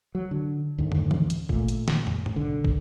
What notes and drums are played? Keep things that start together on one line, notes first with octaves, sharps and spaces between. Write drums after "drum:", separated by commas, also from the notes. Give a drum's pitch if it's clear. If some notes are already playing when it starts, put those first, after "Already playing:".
F#3
D3
D2 G#2 D#3
drum: tom
drum: tom E3
drum: hi-hat
A#2 A3, drum: kick
drum: hi-hat
drum: snare
drum: tom
drum: tom G2
B1 D3
drum: kick